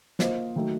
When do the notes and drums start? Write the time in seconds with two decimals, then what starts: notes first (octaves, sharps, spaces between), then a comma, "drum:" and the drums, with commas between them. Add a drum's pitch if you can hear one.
0.19 A#3 F4 C5 D#5, drum: snare
0.56 D#3 F#3 A3 D#4 F#4